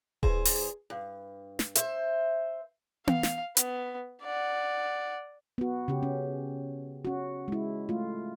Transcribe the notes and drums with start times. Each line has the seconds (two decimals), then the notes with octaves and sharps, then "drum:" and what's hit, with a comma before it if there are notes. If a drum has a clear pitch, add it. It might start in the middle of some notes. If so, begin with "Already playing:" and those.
0.23 E2 G#4 C5, drum: kick D#1
0.45 drum: open hi-hat
0.90 G2
1.59 drum: snare
1.75 C5 E5, drum: hi-hat
3.07 F5, drum: tom B3
3.23 drum: snare
3.57 B3, drum: hi-hat
4.23 D5 F#5
5.58 B3 F#4
5.88 C#3 C#4 G4
6.03 C#4
7.05 C#4 F#4
7.48 G#3 E4
7.89 A3 F4